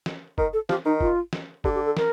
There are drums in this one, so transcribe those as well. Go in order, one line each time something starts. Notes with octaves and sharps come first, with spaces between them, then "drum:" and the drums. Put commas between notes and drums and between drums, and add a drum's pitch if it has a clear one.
drum: snare
D#3 A#4, drum: kick
A4
F3 G4, drum: snare
D#3 D#4
F4, drum: kick
drum: snare
D3 G4, drum: kick
G4
A4
A#4, drum: snare